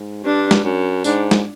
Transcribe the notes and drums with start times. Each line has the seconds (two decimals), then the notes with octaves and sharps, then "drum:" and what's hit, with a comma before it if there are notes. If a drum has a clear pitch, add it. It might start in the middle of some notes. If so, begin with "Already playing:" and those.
Already playing: G#2
0.24 G2 D4
0.51 drum: snare
0.64 F#2
1.04 G#2 D4, drum: tambourine
1.31 drum: snare